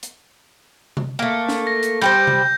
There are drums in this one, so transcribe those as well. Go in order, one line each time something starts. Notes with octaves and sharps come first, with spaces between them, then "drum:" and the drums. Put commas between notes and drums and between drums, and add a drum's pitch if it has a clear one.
drum: hi-hat
drum: tom C3
A3 A#3
drum: snare
A#6
drum: hi-hat
G3 G4 C5 G6 A#6
drum: tom C3